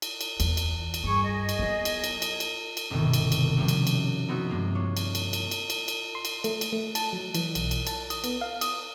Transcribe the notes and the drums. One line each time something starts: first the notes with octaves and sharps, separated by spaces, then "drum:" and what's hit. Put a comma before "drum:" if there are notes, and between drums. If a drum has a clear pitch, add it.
drum: cymbal
drum: cymbal
E2, drum: cymbal
drum: cymbal
drum: cymbal
G2 G#4 C#6
G#4 D#5
drum: cymbal
F#3 B3
drum: cymbal
drum: cymbal
drum: cymbal
drum: cymbal
drum: cymbal
G1 C2 B2 D#3
drum: cymbal
drum: cymbal
F3 G3 A#3 C#4 E4 F#4
drum: cymbal
drum: cymbal
B3 C4 D#4 E4 F#4
G2 G#3 A#3
D4 F4 C#5
drum: cymbal
drum: cymbal
drum: cymbal
drum: cymbal
drum: cymbal
drum: cymbal
C6
drum: cymbal
A3, drum: cymbal
drum: cymbal
A3
A5, drum: cymbal
F#3
E3, drum: cymbal
B1, drum: cymbal
drum: cymbal
A5, drum: cymbal
D#6, drum: cymbal
B3, drum: cymbal
F5
D#6, drum: cymbal